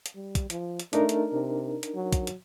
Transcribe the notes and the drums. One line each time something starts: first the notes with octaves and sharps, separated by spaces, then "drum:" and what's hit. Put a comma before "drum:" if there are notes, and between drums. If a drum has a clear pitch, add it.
drum: hi-hat
G3
drum: kick, hi-hat
F3, drum: hi-hat
drum: hi-hat
A3 D4 D#4 A#4, drum: hi-hat
drum: hi-hat
C3
drum: hi-hat
F#3
drum: kick, hi-hat
drum: hi-hat